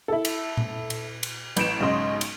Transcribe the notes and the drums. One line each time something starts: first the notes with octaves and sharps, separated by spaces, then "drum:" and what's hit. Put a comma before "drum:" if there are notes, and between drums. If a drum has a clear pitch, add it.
E4 A4
drum: cymbal
drum: tom A#2
drum: cymbal
drum: cymbal
A1 B4 G6 D7 E7, drum: cymbal
B1 G#2 C#3 D#5 C6
drum: cymbal